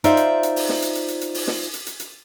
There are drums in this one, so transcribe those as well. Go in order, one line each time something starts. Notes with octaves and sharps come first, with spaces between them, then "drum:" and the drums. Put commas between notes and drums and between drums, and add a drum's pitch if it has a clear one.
D#4 F4 C5 D5 E5, drum: hi-hat
drum: hi-hat
drum: hi-hat
drum: open hi-hat
drum: snare
drum: hi-hat
drum: hi-hat
drum: hi-hat
drum: hi-hat
drum: open hi-hat
drum: snare
drum: hi-hat
drum: hi-hat
drum: hi-hat